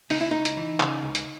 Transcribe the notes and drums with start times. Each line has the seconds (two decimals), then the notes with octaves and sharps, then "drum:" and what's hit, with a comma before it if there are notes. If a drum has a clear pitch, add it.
0.10 C#2 D#4, drum: open hi-hat
0.21 E4
0.31 C#2 D#4
0.45 drum: hi-hat
0.57 E3
0.80 C#3, drum: clap
1.03 C#2
1.15 drum: hi-hat